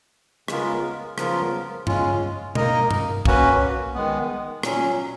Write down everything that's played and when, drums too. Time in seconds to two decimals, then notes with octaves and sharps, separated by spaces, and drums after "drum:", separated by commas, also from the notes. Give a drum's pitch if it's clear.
0.48 C#3 G#3 B3 F4 A#4, drum: rim click
1.18 C#3 F3 B3 F4 A#4, drum: rim click
1.87 C#3 G#3 C#4 F4, drum: tom G2
2.55 A#3 D#4 A#4 D#5, drum: tom B2
2.91 drum: tom G2
3.25 A#3 C#4 F#4 B4, drum: kick
3.94 D#3 G#3 B3
4.63 A#2 F#3 C#4, drum: rim click